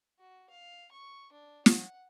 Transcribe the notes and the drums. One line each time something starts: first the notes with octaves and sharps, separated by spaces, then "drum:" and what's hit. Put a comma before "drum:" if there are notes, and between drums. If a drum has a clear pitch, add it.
F#4
F5
C#6
D4
F#5, drum: snare